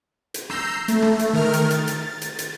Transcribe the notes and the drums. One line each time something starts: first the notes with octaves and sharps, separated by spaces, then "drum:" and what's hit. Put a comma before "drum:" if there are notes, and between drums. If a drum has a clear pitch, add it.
drum: hi-hat
A#5 E6 G6 C7, drum: rim click
A3, drum: hi-hat
drum: rim click
drum: hi-hat
D#3 A#4 F6
drum: hi-hat
A6, drum: hi-hat
drum: hi-hat
drum: hi-hat
drum: hi-hat